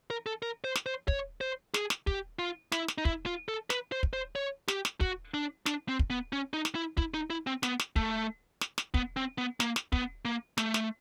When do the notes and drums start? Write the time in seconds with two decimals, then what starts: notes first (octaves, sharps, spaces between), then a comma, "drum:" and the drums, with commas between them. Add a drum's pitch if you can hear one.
0.10 A#4
0.26 A4
0.42 A#4
0.64 C5
0.75 drum: snare
0.86 C5
1.08 C#5, drum: kick
1.41 C5
1.74 G#4, drum: snare
1.90 drum: snare
2.07 G4, drum: kick
2.39 F4
2.72 E4, drum: snare
2.88 drum: snare
2.98 D#4
3.05 E4, drum: kick
3.26 F4
3.48 A4
3.70 B4, drum: snare
3.92 C5
4.03 drum: kick
4.13 C5
4.36 C#5
4.68 G4, drum: snare
4.85 drum: snare
5.01 F#4, drum: kick
5.34 D4
5.66 D4, drum: snare
5.89 C4
5.99 drum: kick
6.10 B3
6.33 C#4
6.53 D#4
6.65 drum: snare
6.75 E4
6.98 E4, drum: kick
7.14 D#4
7.30 E4
7.47 C4
7.63 B3, drum: snare
7.79 drum: snare
7.96 A3, drum: kick
8.61 drum: snare
8.78 drum: snare
8.94 B3, drum: kick
9.16 C4
9.38 B3
9.60 A#3, drum: snare
9.76 drum: snare
9.92 B3, drum: kick
10.25 A#3
10.58 A3, drum: snare
10.74 drum: snare